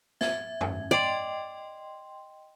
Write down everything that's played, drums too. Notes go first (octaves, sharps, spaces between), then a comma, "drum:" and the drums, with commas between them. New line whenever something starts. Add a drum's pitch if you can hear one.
E5 G#6, drum: snare
drum: tom F#2
D5 D#5 G5 C6